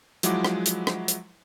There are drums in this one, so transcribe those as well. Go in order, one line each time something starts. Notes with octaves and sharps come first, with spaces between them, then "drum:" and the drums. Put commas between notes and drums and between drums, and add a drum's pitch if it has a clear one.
F3 F#3 G#3 E4 F#5 D6, drum: hi-hat
drum: rim click
drum: hi-hat
drum: rim click
drum: hi-hat